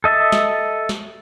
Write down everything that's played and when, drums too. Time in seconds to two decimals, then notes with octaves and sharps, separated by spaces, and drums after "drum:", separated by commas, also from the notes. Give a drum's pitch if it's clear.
0.04 A4 D#5 E5 A5
0.32 drum: snare
0.89 drum: snare